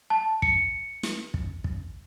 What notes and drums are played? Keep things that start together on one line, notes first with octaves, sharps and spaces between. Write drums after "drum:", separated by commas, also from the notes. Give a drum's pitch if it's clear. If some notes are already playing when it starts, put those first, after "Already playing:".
A5
C#7, drum: kick
drum: snare
drum: kick
drum: kick